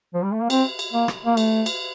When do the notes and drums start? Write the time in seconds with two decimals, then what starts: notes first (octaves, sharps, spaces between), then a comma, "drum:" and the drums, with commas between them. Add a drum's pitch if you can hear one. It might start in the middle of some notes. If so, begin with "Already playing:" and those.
0.14 F3
0.23 G3
0.33 A3
0.41 A#3
0.50 C4, drum: cymbal
0.79 drum: cymbal
0.93 A#3
1.08 drum: rim click
1.26 A#3
1.37 A3, drum: cymbal
1.66 drum: cymbal